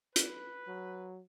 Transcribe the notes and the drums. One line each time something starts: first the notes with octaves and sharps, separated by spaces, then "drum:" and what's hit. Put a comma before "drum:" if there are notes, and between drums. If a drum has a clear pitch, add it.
B4, drum: hi-hat
F#3